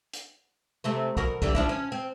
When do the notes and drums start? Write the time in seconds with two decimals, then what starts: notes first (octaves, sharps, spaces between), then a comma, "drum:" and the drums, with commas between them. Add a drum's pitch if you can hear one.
0.13 drum: hi-hat
0.84 C3 A3 C4
1.17 B2 F#4 A#4, drum: kick
1.42 D3 E3 G3, drum: kick
1.55 F3 D4 E4, drum: kick
1.69 C#4
1.92 C4